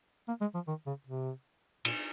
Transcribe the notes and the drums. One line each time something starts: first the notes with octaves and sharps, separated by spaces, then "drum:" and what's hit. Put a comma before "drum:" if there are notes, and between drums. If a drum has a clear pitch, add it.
A#3
G#3
F3
D#3
C#3
C3
A#2, drum: cymbal